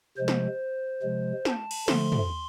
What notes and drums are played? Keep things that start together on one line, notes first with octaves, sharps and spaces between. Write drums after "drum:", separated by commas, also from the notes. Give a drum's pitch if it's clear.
C3 F3 G#3 C5
drum: snare
C3 F3 G#3
A5, drum: snare
drum: cymbal
D3 F3 A3 C6, drum: snare
drum: tom